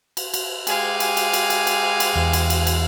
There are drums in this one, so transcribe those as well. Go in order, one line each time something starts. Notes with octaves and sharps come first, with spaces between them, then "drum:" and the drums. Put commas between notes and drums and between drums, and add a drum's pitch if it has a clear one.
drum: cymbal
drum: cymbal
G#3 G4 F5 G#5, drum: cymbal
drum: cymbal
drum: cymbal
drum: cymbal
drum: cymbal
drum: cymbal
drum: cymbal
E2
drum: cymbal
drum: cymbal
drum: cymbal